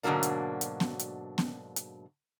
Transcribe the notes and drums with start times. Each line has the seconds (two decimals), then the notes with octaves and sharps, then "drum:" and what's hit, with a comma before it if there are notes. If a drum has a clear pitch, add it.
0.03 G#2 B2 D3 F#3 A#3 D4
0.23 drum: hi-hat
0.61 drum: hi-hat
0.80 drum: snare B3
0.99 drum: hi-hat
1.38 drum: snare B3
1.76 drum: hi-hat